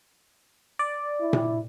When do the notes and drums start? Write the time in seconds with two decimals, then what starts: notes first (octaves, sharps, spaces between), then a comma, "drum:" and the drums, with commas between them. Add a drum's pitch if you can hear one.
0.79 D5
1.21 E4
1.33 drum: tom A#2